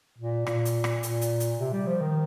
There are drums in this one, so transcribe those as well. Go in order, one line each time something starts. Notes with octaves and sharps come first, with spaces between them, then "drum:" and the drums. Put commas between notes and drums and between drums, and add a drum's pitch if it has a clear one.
A#2
A#2, drum: rim click
drum: hi-hat
drum: rim click
A#2, drum: hi-hat
drum: hi-hat
drum: hi-hat
C3
G3
F3
D#3